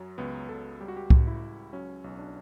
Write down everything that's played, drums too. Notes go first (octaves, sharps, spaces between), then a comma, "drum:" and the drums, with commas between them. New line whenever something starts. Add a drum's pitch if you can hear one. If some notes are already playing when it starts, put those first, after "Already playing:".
Already playing: F#2 F#3
C#2 B3
C#2 A4
G3 G4
F#4
G4
C#2, drum: kick C2
E4
C#2
F#3 C#4
B1
D4